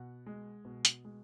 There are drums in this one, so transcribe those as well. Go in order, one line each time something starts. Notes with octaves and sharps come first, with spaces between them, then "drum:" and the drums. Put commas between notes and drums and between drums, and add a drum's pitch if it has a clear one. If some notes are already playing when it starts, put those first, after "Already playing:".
Already playing: B2 F#5
G#3
B2
drum: hi-hat
G#3